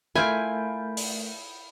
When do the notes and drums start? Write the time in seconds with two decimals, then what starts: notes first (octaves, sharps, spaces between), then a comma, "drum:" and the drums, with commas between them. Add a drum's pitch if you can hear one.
0.15 A3 E4 F4 A#4 G#5 B5 G6 D7
0.97 drum: open hi-hat